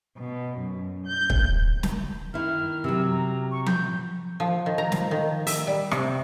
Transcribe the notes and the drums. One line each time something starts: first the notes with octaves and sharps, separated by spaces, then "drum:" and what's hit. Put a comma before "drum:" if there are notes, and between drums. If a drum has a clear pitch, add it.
B2
F#2
G6
drum: kick
drum: snare
D#3 E4 F6
C3 F#3 E6
A#5
C#6
G6, drum: tom F3
F3
D#3
A#5
F3, drum: snare
D#3
E5, drum: open hi-hat
G3
C3, drum: rim click